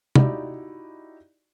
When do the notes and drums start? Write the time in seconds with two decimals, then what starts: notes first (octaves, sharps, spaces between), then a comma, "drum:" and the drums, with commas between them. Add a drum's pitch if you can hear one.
0.15 D#4 E4 F#4 G4 D5, drum: tom C3